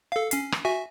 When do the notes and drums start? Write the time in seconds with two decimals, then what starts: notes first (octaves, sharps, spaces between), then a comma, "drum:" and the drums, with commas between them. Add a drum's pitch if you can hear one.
0.12 A4 F5
0.31 C#4 C7, drum: hi-hat
0.52 drum: rim click
0.65 F#4 E5 G#5